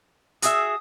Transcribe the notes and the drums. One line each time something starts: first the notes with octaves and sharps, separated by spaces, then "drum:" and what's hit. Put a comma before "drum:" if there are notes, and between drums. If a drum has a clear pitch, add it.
F#4 G#4 E5 D#6, drum: hi-hat